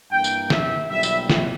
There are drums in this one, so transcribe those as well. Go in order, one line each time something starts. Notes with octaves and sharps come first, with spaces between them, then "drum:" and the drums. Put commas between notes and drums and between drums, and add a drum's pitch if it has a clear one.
G2 E3 A#3 G5
drum: tambourine
E5, drum: snare
B1 A#2 G3 E5
drum: tambourine
drum: snare